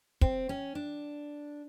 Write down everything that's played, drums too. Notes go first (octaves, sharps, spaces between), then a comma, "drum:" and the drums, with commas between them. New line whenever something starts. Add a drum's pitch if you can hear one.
C4, drum: kick
C#4
D4